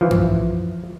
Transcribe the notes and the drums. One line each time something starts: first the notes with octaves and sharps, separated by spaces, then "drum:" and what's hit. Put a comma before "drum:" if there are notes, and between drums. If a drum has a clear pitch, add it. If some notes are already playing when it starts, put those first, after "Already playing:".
E3 F3
drum: tom F#2